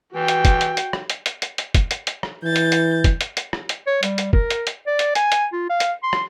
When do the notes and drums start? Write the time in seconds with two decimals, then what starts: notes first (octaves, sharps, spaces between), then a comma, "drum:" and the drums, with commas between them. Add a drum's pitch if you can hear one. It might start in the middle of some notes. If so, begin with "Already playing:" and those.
0.15 E3 F#4 G5
0.28 drum: hi-hat
0.45 drum: kick, hi-hat
0.61 drum: hi-hat
0.77 drum: hi-hat
0.93 drum: rim click
1.10 drum: hi-hat
1.26 drum: hi-hat
1.42 drum: hi-hat
1.58 drum: hi-hat
1.74 drum: kick, hi-hat
1.91 drum: hi-hat
2.07 drum: hi-hat
2.23 drum: rim click
2.44 E3 G6 A6
2.56 drum: hi-hat
2.72 drum: hi-hat
3.04 drum: kick, hi-hat
3.21 drum: hi-hat
3.37 drum: hi-hat
3.53 drum: rim click
3.69 drum: hi-hat
3.87 C#5
4.03 G3, drum: hi-hat
4.18 drum: hi-hat
4.33 A#4, drum: kick
4.50 drum: hi-hat
4.67 drum: hi-hat
4.87 D5
4.99 drum: hi-hat
5.15 G#5, drum: hi-hat
5.32 drum: hi-hat
5.53 F4
5.69 F5
5.80 drum: hi-hat
6.03 C6
6.13 drum: rim click